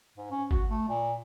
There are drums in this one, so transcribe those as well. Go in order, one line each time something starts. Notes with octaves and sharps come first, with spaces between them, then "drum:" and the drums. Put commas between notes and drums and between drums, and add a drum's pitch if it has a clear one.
G#2
C#4
F#4, drum: kick G#1
A3
A#2